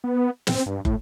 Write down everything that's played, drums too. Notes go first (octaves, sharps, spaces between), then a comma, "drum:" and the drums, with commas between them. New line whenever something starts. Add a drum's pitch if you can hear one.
B3
C4, drum: snare
G2
A2, drum: kick